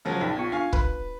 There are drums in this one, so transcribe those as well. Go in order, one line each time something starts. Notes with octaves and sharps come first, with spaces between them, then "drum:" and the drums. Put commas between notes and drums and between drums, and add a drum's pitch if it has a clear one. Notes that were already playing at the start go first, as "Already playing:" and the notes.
C#3 F3 F#3
A#1 D#4 G5 A5
B3 F4
D4 F4 F5 G#5
B4, drum: kick